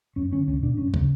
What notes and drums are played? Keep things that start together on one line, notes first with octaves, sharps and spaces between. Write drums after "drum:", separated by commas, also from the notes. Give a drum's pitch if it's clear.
F#2 C#4
D3 C#4
C#2 C#4
B2 D4
F#2 C#4
C#3, drum: kick